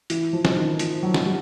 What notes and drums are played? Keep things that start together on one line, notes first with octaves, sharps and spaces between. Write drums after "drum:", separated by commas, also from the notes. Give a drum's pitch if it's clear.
E3, drum: hi-hat
F3
drum: snare
D#3
F3, drum: hi-hat
F#3
drum: snare
G3